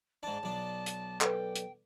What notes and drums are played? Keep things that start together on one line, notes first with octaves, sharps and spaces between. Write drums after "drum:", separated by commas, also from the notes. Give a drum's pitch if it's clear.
G#2 D4 A5
B1 D4
drum: hi-hat
A4 B4 G5, drum: clap
drum: hi-hat